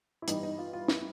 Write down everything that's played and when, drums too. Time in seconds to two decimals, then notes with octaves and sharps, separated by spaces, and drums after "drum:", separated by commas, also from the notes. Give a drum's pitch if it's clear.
0.22 E4
0.28 G2 E3 G3 D#4, drum: hi-hat
0.43 D#4
0.58 F4
0.73 F4
0.88 E4, drum: snare